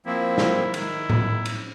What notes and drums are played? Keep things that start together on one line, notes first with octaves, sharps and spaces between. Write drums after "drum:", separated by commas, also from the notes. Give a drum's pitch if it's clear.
F3 A#3 C4 E4
drum: snare
D#3 E4, drum: cymbal
drum: tom A2
drum: cymbal